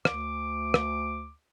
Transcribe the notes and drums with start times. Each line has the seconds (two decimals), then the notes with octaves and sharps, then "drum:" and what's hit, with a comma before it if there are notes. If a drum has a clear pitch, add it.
0.05 D2 D6, drum: rim click
0.74 drum: rim click